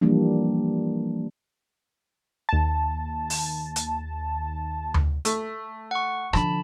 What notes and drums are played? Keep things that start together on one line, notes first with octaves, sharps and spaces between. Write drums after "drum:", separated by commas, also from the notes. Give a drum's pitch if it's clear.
E3 F3 G3 A#3 D4
D#2 A5
drum: open hi-hat
drum: hi-hat
drum: tom D2
A3, drum: hi-hat
F#5 C#6
D3 F3 A5 B5, drum: rim click